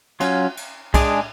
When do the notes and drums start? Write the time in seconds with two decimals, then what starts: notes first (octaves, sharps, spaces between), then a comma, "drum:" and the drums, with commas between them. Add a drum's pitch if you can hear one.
0.20 F#3 C#4 F4, drum: cymbal
0.57 drum: cymbal
0.94 G#3 D4 G#4, drum: kick B1, cymbal